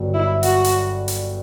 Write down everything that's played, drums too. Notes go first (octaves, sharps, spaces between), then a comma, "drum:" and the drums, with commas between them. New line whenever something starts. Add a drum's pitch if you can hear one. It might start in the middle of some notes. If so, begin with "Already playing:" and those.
Already playing: G1 G2 F#3
E4
F#4, drum: hi-hat
drum: hi-hat
drum: hi-hat